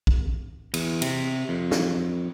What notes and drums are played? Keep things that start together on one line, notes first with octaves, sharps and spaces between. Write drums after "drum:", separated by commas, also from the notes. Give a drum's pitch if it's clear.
drum: kick A#1
E2, drum: cymbal
C3, drum: cymbal
F2
drum: snare